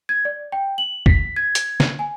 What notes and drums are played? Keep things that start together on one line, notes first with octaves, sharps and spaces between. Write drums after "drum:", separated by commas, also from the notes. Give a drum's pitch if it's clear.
G#6
D5
G5
F#7
B6, drum: kick F#1
G#6
drum: hi-hat
drum: snare
G#5